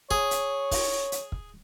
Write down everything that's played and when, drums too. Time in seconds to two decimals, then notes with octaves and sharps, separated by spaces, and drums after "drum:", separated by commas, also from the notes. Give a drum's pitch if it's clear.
0.11 G#4 C#5, drum: kick
0.31 drum: hi-hat
0.71 drum: kick, open hi-hat
1.12 drum: hi-hat
1.32 drum: kick